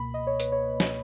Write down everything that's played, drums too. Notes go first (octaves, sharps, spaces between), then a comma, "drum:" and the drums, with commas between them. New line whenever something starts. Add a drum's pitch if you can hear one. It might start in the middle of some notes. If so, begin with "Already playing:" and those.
Already playing: C#2 B2 A#3 B5
D#5
C#5
B4, drum: hi-hat
C#5
drum: snare